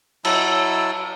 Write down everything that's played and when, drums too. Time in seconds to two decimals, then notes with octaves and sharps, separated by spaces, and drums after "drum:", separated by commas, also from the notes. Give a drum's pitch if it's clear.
0.25 F#3 E4 A5 E6, drum: cymbal